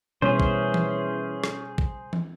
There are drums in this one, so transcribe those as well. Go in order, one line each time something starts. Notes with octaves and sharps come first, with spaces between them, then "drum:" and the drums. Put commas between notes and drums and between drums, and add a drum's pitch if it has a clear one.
B2 E3 G3 B3 C#4 G#4 C5
drum: kick
drum: tom E3
drum: rim click
drum: kick
drum: tom E3